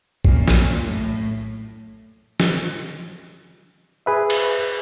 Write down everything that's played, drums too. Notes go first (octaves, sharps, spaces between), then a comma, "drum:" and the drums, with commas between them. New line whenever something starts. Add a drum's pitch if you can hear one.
F#2 A#2, drum: kick A#1
drum: snare
A2
drum: snare
G#4 B4 E5
drum: cymbal